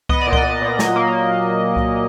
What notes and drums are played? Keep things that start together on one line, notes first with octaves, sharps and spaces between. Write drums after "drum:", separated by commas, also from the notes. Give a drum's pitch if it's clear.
B3 D#5, drum: kick C2
D5
A#2
D#5, drum: kick C2
A#2
A#2
F#3, drum: snare
A#3
drum: kick C2